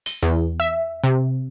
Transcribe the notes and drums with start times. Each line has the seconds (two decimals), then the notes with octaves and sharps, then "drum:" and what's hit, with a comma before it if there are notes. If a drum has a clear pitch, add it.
0.06 drum: open hi-hat
0.22 E2
0.60 E5
1.04 C3